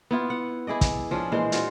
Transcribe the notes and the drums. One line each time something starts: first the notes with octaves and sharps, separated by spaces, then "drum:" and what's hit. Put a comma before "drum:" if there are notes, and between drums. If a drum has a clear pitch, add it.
B3 E4 F4
F#5
E4 G#4 D5 D#5
drum: kick, hi-hat
F3 C#4 D4 G#4
A#2 E3 G#3 C5
F4 F#4 C5, drum: hi-hat